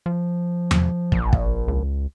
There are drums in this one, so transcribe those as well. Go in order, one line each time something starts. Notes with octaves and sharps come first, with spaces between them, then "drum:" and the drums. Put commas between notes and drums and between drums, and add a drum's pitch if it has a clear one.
F3
drum: tom E2
A#1, drum: kick
drum: kick
C#2